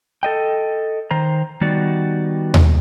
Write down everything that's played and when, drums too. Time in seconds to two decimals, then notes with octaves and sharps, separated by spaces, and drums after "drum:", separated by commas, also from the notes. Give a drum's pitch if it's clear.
0.23 A4 D#5 G5
1.11 D#3 C5 A#5
1.61 D#3 G3 B3 D#4 F#4 D5
2.54 drum: tom D#2